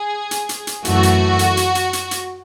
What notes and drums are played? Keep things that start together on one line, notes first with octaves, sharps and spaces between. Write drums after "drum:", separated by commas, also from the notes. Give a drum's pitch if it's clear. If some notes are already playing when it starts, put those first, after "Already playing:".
Already playing: G#4
drum: hi-hat
drum: hi-hat
drum: hi-hat
F#2 E3 A3 F#4, drum: hi-hat
drum: hi-hat
drum: hi-hat
drum: hi-hat
drum: hi-hat
drum: hi-hat
drum: hi-hat